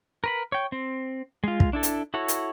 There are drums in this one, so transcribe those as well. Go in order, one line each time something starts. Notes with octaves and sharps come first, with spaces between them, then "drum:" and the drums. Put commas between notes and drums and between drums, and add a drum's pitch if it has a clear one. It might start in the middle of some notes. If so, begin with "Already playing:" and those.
A#4 B4 B5
C#5 G5
C4
G#3 F4
drum: kick
D4 E4 A4
drum: hi-hat
E4 F#4 A4 C#5
drum: hi-hat